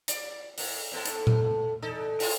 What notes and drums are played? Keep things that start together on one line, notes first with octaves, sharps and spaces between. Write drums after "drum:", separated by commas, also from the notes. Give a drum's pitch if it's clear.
D5, drum: hi-hat
A2, drum: open hi-hat
A2 B3 A4
drum: hi-hat
drum: tom A#2
E2 D#4 A4
E4 F4 G#4, drum: open hi-hat